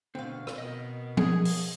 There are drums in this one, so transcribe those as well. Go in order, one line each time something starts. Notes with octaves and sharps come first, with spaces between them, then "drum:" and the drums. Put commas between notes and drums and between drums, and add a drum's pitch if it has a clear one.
B2 D3 C4 F5
drum: rim click
B2 A#4 D#5
G#4, drum: tom F3
drum: open hi-hat